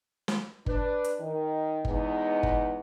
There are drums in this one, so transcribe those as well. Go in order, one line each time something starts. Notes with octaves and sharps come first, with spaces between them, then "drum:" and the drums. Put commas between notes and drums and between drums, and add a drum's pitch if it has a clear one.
drum: snare
D4 B4, drum: kick G1
drum: hi-hat
D#3
E2 G#3 B3 D#4, drum: kick G1
drum: kick G1